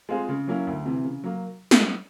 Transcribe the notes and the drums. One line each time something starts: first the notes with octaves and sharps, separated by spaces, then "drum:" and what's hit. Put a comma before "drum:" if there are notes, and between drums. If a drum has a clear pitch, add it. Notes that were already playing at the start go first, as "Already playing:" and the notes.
G#3 C4 F4 G#4
C#3
F#3 A#3 C#4 E4
D2
C3 E3
C#3
F#3 A#3
drum: snare